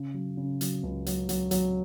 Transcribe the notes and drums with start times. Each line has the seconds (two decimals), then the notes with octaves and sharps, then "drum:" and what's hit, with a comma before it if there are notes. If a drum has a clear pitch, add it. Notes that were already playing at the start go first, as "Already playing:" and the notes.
Already playing: C#3
0.14 F#3
0.37 C#3
0.61 F#3, drum: hi-hat
0.83 C#2
1.06 F#3, drum: hi-hat
1.29 F#3, drum: hi-hat
1.51 F#3, drum: hi-hat